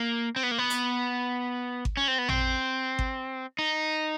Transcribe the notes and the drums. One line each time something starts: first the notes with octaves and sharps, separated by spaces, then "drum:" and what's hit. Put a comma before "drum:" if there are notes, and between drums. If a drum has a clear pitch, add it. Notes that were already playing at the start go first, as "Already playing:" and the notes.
Already playing: A#3
C4
B3
A#3
B3
drum: hi-hat
drum: kick G#1
C#4
C4
B3
C4, drum: tom
drum: kick G#1
D#4